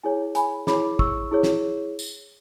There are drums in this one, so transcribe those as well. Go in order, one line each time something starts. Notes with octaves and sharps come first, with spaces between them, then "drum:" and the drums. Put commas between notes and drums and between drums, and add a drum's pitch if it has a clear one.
E4 G#4 C#5 G#5
G#5 B5, drum: hi-hat
E4 G#4 C#5 B5 D6, drum: snare
C#6 E6, drum: kick
E4 G#4 C#5
drum: snare
drum: tambourine